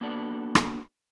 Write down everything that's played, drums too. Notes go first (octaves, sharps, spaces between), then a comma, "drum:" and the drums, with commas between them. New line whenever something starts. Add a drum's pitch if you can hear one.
A#3 B3 D4 F#4 A4 D5
drum: rim click